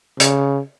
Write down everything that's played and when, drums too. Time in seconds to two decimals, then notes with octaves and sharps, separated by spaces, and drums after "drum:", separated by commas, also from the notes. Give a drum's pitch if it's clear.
0.20 C#3, drum: hi-hat